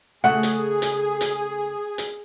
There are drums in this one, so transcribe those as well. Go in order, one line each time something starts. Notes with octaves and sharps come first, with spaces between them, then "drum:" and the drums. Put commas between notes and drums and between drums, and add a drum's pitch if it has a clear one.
C#3 A3 G#4 F#5
drum: hi-hat
drum: hi-hat
drum: hi-hat
drum: hi-hat